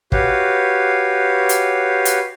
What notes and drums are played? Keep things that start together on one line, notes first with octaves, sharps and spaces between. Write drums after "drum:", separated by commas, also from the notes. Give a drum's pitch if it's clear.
F#4 G4 B4 C#5 F5, drum: kick
drum: hi-hat
drum: hi-hat